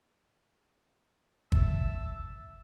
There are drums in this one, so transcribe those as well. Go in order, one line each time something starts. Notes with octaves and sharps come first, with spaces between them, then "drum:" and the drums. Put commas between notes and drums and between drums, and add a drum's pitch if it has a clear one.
E5 A5 E6, drum: kick G1